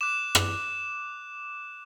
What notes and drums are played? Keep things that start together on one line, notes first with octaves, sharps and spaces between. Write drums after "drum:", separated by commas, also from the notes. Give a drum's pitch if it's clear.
D6 F#6 E7
drum: rim click